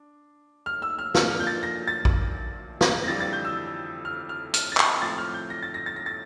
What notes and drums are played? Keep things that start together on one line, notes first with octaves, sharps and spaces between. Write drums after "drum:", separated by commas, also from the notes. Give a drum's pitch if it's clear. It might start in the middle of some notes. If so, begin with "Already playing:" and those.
Already playing: D4
F6
E6
F6
A#2 F3 A#3 D4 F4 F6, drum: snare
F6
G6
A6
A#6
A6
drum: kick A1
drum: snare
A#6
F2 E3 G3 D4 F4 A6
A6
G6
E6
F6
F6
F6, drum: hi-hat
A6
G6, drum: clap
A2 F3 C4 A6
F6
G6
A#6
A6
A#6
A6
A#6
A6